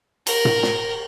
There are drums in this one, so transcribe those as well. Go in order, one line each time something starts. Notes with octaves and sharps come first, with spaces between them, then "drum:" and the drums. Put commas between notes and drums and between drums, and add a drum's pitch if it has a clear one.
A#4, drum: cymbal
drum: tom
drum: snare